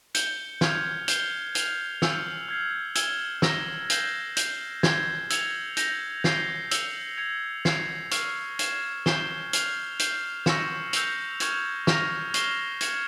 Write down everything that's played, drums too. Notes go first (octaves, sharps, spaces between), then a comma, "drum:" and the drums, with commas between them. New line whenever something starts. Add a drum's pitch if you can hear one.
G6 C#7 G7, drum: hi-hat
F6 G#6 C#7 F7, drum: snare
G6 C7 G7, drum: hi-hat
F6 C7 F7, drum: hi-hat
E6 G6 C#7 F7, drum: snare
F6 G#6 C7
E6 G#6 E7 G7, drum: hi-hat
E6 A#6 E7 G7, drum: snare
G6 C7 E7 G7, drum: hi-hat
G6 C7 G7, drum: hi-hat
G#6 C7 G7, drum: snare
E6 G#6 C#7 F7, drum: hi-hat
G6 A#6 F7, drum: hi-hat
G6 C7 G7, drum: snare
E6 G6 C#7 F7, drum: hi-hat
G#6 C#7 F7
G#6 C7 F7, drum: snare
C#6 F6 C7, drum: hi-hat
G#6 C7 E7, drum: hi-hat
G6 C7 E7 G7, drum: snare
F6 C7 F7, drum: hi-hat
G6 C7 F7, drum: hi-hat
C#6 E6 A#6 C#7 E7, drum: snare
E6 G6 C7 F7, drum: hi-hat
C#6 F6 G#6 E7, drum: hi-hat
C#6 F6 A#6 F7, drum: snare
C#6 F6 C7 E7 G7, drum: hi-hat
G#6 C#7 E7, drum: hi-hat